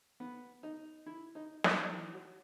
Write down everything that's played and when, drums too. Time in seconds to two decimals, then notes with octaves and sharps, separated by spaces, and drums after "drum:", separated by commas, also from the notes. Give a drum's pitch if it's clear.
0.20 B3
0.63 D#4
1.06 E4
1.35 D#4
1.64 D#4, drum: snare
1.92 E3
2.13 F#3